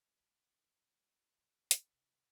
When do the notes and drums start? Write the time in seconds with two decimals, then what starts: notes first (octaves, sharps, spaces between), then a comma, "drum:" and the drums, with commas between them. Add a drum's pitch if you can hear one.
0.20 G1
1.38 C4
1.71 drum: hi-hat
1.93 C3 F3